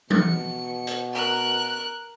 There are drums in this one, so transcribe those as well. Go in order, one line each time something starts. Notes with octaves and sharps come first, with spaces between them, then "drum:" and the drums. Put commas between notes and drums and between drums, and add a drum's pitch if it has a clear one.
B2 C#7, drum: tom E3
drum: hi-hat
A#4 F#6